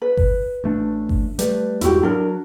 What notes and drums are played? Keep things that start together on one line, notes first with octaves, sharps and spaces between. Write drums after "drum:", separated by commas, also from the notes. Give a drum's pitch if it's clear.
B4
drum: kick G1
A1 A3 D4
drum: kick G1
G3 A3 B4, drum: hi-hat
E2 G#2 E4 F#4 G4, drum: hi-hat
F#3 D4 A#4